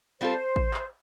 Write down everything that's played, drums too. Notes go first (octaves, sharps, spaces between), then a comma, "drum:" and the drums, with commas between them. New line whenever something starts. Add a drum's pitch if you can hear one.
G3 C4 F4 A4 C5
drum: kick A1
drum: clap